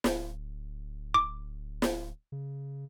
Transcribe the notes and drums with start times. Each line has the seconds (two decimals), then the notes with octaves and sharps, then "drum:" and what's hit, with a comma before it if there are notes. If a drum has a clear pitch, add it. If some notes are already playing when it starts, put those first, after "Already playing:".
0.04 D1, drum: snare
1.14 D6
1.82 drum: snare
2.32 C#3